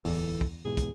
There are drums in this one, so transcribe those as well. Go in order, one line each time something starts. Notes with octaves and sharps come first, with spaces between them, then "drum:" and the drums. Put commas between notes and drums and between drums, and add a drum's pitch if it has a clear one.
D1 E2 E3 A4, drum: open hi-hat
drum: kick
G#2 B2 E3 G#4
drum: kick, hi-hat